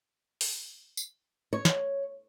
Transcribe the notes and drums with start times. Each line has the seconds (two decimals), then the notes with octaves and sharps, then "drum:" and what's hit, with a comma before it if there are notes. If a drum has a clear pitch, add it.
0.41 drum: open hi-hat
0.97 drum: tambourine
1.53 C#5
1.65 drum: snare